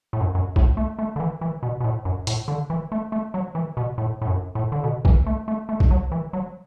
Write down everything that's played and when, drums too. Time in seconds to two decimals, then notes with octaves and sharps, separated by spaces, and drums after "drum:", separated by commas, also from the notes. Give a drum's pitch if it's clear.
0.13 A2
0.21 F#2
0.35 F#2
0.56 A2, drum: kick
0.77 A3
0.99 A3
1.16 D3
1.20 E3
1.41 E3
1.63 B2
1.80 B2
1.84 A2
2.05 F#2
2.27 A2, drum: hi-hat
2.48 D3
2.70 E3
2.92 A3
3.12 A3
3.34 F#3
3.55 E3
3.77 B2
3.98 A2
4.22 A2
4.27 F#2
4.55 A2
4.72 D3
4.84 B2
5.05 E3, drum: kick
5.27 A3
5.48 A3
5.69 A3
5.80 drum: kick
5.91 F#3
6.12 E3
6.33 F#3